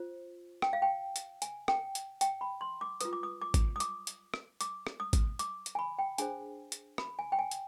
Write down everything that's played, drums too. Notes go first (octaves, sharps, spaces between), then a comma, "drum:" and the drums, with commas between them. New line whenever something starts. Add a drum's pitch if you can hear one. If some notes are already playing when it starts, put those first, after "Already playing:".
Already playing: F4 C5
G5, drum: rim click
F5
G5
drum: hi-hat
G#5, drum: hi-hat
G5, drum: rim click
drum: hi-hat
G5, drum: hi-hat
B5
C6
D6
F4 B4 D#6, drum: hi-hat
D6
D#6
D6
drum: kick, hi-hat
D#6
D6, drum: hi-hat
drum: hi-hat
drum: rim click
D6, drum: hi-hat
drum: rim click
D#6
drum: kick, hi-hat
D6, drum: hi-hat
drum: hi-hat
G#5
B5
G5
D4 G#4 C5 G#5, drum: hi-hat
drum: hi-hat
B5, drum: rim click
G#5
G5
G#5
drum: hi-hat